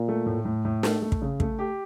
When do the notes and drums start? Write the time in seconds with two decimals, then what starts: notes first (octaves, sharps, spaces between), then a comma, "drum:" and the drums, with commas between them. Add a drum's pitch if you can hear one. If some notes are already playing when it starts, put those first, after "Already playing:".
Already playing: A#2
0.08 A3
0.26 A2
0.45 A2
0.65 A2
0.83 A3, drum: snare
1.02 A3
1.12 drum: kick
1.22 C#3
1.40 A3, drum: kick
1.59 G4